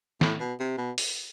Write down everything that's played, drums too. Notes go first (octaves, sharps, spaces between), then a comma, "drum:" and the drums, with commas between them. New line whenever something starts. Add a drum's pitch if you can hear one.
A2, drum: snare
B2
C3
B2
drum: open hi-hat